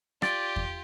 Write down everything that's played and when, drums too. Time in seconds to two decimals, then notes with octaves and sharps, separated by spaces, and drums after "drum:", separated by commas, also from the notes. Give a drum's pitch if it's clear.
0.22 F4 G4 D5, drum: rim click
0.56 drum: kick E2